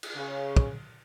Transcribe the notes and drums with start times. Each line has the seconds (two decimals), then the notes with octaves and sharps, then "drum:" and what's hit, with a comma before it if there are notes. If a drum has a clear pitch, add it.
0.03 drum: cymbal
0.15 C#3
0.57 drum: kick